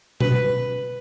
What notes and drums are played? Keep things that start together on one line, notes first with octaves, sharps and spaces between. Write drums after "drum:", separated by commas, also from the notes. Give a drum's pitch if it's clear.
B4, drum: tom B2